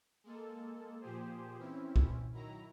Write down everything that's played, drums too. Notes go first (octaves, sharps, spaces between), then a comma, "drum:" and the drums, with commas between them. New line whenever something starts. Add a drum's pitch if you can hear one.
G#3 A#3 A4
A#2 F3 G4 G#4 C5
E3 C4 C#4 E4
drum: kick
D#3 F#3 E4 A#5